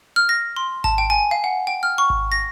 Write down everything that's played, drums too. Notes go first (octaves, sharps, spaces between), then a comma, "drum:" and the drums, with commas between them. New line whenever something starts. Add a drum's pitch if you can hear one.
F6
A#6
C6
A5, drum: kick G#1
G5
G#5
F5
F#5
G5
F6
C#6
drum: kick G#1
A#6